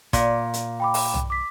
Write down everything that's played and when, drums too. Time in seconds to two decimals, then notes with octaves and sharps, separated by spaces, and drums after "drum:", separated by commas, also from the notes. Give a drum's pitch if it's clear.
0.13 A#2, drum: kick, hi-hat
0.54 drum: hi-hat
0.80 G5 B5 D6
0.94 drum: open hi-hat
1.14 drum: tom
1.30 D6 B6